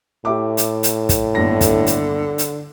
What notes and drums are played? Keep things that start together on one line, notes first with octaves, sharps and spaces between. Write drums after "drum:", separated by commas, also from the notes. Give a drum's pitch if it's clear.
A2 G4 E5 D6
drum: hi-hat
drum: hi-hat
drum: kick, hi-hat
G1 D#2 D3 A#6
drum: kick, hi-hat
drum: hi-hat
drum: hi-hat